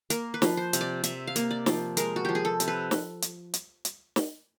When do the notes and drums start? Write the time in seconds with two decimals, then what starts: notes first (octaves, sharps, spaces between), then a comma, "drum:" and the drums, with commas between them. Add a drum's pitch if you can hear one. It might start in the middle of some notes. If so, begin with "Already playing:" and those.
0.10 A#3 A#4, drum: hi-hat
0.34 B4
0.42 F3, drum: snare
0.57 C5
0.73 C3, drum: hi-hat
0.81 D5
1.04 C3 E5, drum: hi-hat
1.27 F5
1.36 A#3, drum: hi-hat
1.51 D5
1.66 F3, drum: snare
1.97 G#3 A#4, drum: hi-hat
2.16 F#4
2.25 F3 G4
2.35 G#4
2.45 A4
2.60 C3, drum: hi-hat
2.68 B4
2.91 drum: snare
3.22 drum: hi-hat
3.54 drum: hi-hat
3.85 drum: hi-hat
4.16 drum: snare